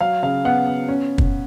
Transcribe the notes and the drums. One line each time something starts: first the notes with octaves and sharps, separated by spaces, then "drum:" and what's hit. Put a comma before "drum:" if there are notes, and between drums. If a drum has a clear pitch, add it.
F#3 F5
C#3 F5
B3 F#5
B3
C#4
drum: kick